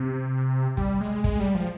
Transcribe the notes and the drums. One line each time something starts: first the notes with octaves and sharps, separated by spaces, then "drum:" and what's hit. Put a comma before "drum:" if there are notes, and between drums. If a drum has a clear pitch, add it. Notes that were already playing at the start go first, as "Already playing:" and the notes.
Already playing: C3
G3, drum: kick
G#3
G#3, drum: kick
G3
F3